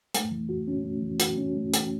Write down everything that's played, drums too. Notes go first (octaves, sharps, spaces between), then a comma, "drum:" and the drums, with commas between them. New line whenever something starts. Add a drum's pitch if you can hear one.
A3, drum: hi-hat
E3
F#4
C#4
A3
E3
F#4, drum: hi-hat
C#4
A3
E3, drum: hi-hat